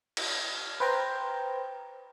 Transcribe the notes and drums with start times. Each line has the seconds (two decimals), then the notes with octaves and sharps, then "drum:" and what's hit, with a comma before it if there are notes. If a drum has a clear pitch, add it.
0.17 drum: cymbal
0.80 B4 C5 G5 A#5